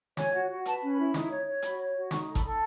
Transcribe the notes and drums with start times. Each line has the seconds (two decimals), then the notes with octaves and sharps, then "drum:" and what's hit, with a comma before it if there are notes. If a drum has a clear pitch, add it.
0.17 C#5 G#5, drum: snare
0.33 F#4
0.49 F#4
0.65 B4 A5, drum: hi-hat
0.82 C#4
0.90 B5
0.98 E4
1.14 D#4, drum: snare
1.30 C#5
1.47 C#5
1.62 F#4 B5, drum: hi-hat
1.79 C#5
1.95 F#4
2.11 D#4 C#6, drum: snare
2.28 A4
2.35 B5, drum: kick, hi-hat
2.44 A4